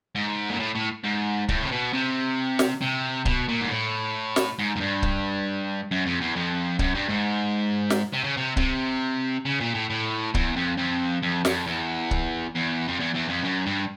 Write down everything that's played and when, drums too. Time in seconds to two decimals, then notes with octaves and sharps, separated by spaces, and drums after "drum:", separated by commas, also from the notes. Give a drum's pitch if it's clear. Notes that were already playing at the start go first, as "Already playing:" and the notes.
0.15 G#2
0.50 A#2
0.60 A2
0.75 A2
1.04 G#2
1.49 A2, drum: kick C#1
1.62 C3
1.71 B2
1.93 C3
2.59 drum: snare
2.81 C3
3.25 B2, drum: kick C#1
3.48 A#2
3.61 G#2
3.69 A2
4.36 drum: snare
4.59 G#2
4.76 G#2
4.80 G2
5.03 drum: kick C#1
5.91 F#2
6.06 F2
6.21 E2
6.36 F2
6.79 F#2, drum: kick C#1
6.95 G2
7.09 G#2
7.90 drum: snare
8.13 C3
8.24 C#3
8.37 C3
8.57 C3, drum: kick C#1
9.46 C#3
9.61 A#2
9.74 A2
9.90 A2
10.34 E2, drum: kick C#1
10.56 F2
10.78 F2
11.23 F2
11.45 F2, drum: snare
11.67 E2
12.11 drum: kick C#1
12.56 E2
12.88 F2
13.00 E2
13.15 E2
13.29 F2
13.44 F#2
13.66 G2